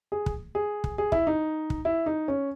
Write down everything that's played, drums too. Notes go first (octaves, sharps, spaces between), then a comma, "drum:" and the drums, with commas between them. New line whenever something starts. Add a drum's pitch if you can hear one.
G#4
drum: kick
G#4
drum: kick
G#4
E4, drum: kick
D#4
drum: kick
E4
D#4
C#4